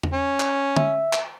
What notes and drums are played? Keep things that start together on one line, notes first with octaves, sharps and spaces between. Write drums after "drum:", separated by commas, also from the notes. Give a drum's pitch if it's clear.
drum: tom
C#4
drum: clap
E5, drum: tom
drum: clap